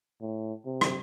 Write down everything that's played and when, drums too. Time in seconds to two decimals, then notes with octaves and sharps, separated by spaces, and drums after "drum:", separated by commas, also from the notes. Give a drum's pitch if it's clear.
0.21 A2
0.66 C3
0.81 drum: rim click